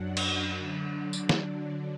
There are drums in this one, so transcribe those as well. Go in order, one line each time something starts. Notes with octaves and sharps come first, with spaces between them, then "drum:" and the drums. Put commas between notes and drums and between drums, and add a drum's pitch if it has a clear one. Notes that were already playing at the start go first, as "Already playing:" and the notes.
Already playing: F#2 F#3 D4 F#5
drum: cymbal
D3 F#3 D4
drum: tambourine
drum: snare